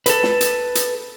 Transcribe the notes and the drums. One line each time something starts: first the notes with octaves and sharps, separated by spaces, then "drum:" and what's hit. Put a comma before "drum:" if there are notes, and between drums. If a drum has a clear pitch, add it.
A4 B4, drum: hi-hat
drum: snare
drum: hi-hat
drum: hi-hat